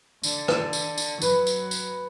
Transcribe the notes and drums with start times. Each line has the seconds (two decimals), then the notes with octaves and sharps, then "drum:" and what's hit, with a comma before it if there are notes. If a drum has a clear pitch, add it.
0.23 D3, drum: tambourine
0.48 drum: rim click
0.73 drum: tambourine
0.97 drum: tambourine
1.22 F#3 B4, drum: tambourine
1.47 drum: tambourine
1.71 drum: tambourine